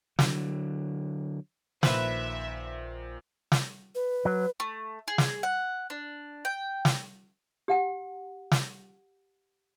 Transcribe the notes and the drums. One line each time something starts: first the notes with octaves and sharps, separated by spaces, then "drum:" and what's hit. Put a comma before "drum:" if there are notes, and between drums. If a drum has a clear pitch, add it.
D3 F#3, drum: snare
A#1 A#2 D#3 B4 C5 E5, drum: snare
drum: snare
B4
F#3
A3
G#4
drum: snare
F#5
D4
G5
drum: snare
G4 F#5 G5
drum: snare